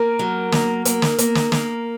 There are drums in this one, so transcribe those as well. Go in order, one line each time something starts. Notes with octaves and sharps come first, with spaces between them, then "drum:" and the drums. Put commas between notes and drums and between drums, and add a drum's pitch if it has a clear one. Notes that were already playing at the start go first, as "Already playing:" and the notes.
Already playing: A#3 A#4
F#3
A#3, drum: snare
A#3, drum: hi-hat
drum: snare
A#3, drum: hi-hat
drum: snare
A#3, drum: snare